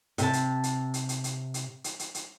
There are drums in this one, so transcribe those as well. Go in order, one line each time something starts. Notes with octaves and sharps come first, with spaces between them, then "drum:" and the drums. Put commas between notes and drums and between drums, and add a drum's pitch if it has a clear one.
C3 A5, drum: hi-hat
drum: hi-hat
drum: hi-hat
drum: hi-hat
drum: hi-hat
drum: hi-hat
drum: hi-hat
drum: hi-hat
drum: hi-hat
drum: hi-hat